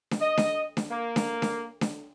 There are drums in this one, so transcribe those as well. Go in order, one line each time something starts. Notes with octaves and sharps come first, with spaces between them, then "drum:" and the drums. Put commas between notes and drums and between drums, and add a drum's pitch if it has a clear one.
drum: snare D4
D#5
drum: snare D4
drum: snare D4
A#3
drum: snare D4
drum: snare D4
drum: snare D4